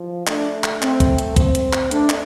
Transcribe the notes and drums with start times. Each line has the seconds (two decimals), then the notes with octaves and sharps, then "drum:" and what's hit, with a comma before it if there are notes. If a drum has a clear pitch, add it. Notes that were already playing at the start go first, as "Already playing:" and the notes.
Already playing: F3
0.27 A3 D4, drum: clap
0.64 drum: clap
0.82 C4, drum: clap
1.00 drum: kick, hi-hat
1.18 drum: hi-hat
1.36 C4, drum: kick, hi-hat
1.55 drum: hi-hat
1.73 drum: clap
1.91 A3 D4, drum: hi-hat
2.10 drum: clap